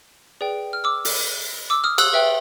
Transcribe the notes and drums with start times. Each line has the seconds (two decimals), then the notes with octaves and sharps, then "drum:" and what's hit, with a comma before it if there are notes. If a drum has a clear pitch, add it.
0.41 G#4 B4 D5 G5
0.73 F6
0.84 D6 E6
1.05 drum: open hi-hat
1.70 D6 E6
1.84 D#6 F6
1.98 E6 F#6, drum: cymbal
2.13 B4 E5 G5